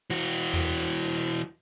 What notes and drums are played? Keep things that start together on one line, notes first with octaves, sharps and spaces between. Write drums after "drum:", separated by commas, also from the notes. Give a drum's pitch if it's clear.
E3 F#4
drum: tom E2